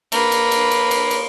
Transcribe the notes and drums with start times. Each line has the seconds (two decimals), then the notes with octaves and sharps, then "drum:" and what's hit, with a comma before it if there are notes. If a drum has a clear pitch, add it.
0.12 A#3 B4, drum: cymbal
0.32 drum: cymbal
0.51 drum: cymbal
0.71 drum: cymbal
0.91 drum: cymbal
1.11 drum: cymbal